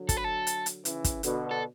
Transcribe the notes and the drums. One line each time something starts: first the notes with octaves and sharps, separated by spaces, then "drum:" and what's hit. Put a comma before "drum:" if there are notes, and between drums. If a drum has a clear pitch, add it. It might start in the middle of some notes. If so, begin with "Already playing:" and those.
Already playing: D3 F#3
A4, drum: kick, hi-hat
B4
A4
drum: hi-hat
drum: hi-hat
C#3 E3, drum: hi-hat
drum: kick, hi-hat
B2 D3, drum: hi-hat
A4